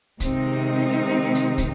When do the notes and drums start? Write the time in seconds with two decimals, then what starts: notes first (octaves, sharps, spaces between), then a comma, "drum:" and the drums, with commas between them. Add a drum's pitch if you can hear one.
0.20 C3 D#3 G#3 C4 D#4, drum: kick, hi-hat
0.89 drum: open hi-hat
1.12 drum: snare
1.35 drum: hi-hat
1.58 drum: kick, hi-hat